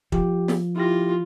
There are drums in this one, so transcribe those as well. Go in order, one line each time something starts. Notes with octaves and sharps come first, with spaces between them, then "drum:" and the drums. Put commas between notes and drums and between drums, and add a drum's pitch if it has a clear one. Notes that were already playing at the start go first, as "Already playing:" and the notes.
F3 G4, drum: kick
drum: snare
E4 F4 G4 A#6